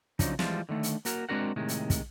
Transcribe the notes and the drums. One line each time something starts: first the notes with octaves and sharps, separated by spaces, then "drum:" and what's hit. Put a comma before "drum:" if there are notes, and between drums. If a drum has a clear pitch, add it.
C#3 F3 F#3 D4 D#4, drum: kick, hi-hat
E3 F3 G3 G#3 F4, drum: snare
D3 D#3 A3
drum: hi-hat
A#3 F#4 A#4, drum: hi-hat
G#3 C4 D4 F#4 A#4 F#5
A2 C3 D#3 G#3
drum: hi-hat
drum: kick, hi-hat